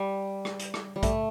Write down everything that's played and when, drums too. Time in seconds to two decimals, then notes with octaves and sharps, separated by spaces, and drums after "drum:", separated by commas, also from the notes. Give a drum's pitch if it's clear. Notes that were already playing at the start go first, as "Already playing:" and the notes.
Already playing: G3
0.45 drum: rim click
0.60 drum: hi-hat
0.74 drum: rim click
0.96 G3
1.03 A3, drum: kick A#1, hi-hat